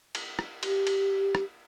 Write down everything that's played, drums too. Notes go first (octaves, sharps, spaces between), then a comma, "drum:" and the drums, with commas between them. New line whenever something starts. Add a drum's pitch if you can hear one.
drum: cymbal
drum: rim click
G4, drum: cymbal
drum: cymbal
drum: rim click